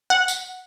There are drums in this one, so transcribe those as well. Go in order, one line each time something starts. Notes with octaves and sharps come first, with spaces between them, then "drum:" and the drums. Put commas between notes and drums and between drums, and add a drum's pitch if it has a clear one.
F#5
drum: tambourine